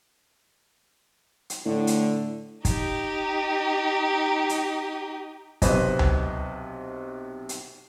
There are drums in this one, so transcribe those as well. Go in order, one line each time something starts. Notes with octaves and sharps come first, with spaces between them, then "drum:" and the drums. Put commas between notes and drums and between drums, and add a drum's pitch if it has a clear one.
drum: hi-hat
A2 D3
drum: hi-hat
D#4 G4, drum: kick, hi-hat
drum: hi-hat
B1 C3 B4 C5 D#5, drum: kick, hi-hat
drum: tom C#2
drum: hi-hat